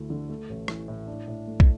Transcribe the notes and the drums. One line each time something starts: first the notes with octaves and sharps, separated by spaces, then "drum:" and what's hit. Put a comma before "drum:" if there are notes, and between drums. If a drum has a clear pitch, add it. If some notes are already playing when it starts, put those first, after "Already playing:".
Already playing: D2 A3 E4
D3
A3
A1
E3, drum: rim click
A2
D4
A2
A3
drum: kick